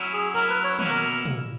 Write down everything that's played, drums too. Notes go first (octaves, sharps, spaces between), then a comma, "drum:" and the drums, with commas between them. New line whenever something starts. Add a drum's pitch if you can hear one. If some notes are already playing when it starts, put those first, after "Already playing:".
Already playing: F#3 C#4 E4
G#4
F#3 C#4 E4 A#4
B4
C#5
B2 A#3 C#4 E4 B4, drum: tom
A#4
drum: tom